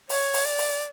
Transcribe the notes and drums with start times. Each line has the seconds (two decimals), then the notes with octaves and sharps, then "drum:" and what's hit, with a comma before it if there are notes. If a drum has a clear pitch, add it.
0.09 C#5, drum: open hi-hat
0.34 drum: open hi-hat
0.45 D5
0.58 drum: open hi-hat